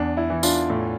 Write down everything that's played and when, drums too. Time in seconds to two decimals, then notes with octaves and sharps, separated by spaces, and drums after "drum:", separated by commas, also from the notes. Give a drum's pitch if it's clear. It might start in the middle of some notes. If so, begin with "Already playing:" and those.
Already playing: E2 D4
0.17 E4
0.30 E3
0.43 D4 F4, drum: tambourine
0.70 A2